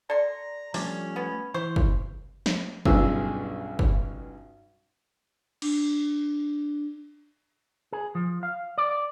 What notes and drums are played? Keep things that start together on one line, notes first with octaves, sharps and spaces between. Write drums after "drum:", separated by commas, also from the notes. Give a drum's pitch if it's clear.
A4 D5 A#5 C6
F3 G3 A3 C#4 D4, drum: open hi-hat
B3
E3 C5 C#6
drum: kick
drum: snare
B1 G2 C#3 F4 G#4 E6, drum: kick
drum: kick
D4, drum: cymbal
G#4
F3
F5
D5